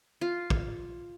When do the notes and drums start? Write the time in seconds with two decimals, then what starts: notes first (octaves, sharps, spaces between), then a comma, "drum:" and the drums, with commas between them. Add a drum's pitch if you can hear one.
0.21 F4
0.50 drum: kick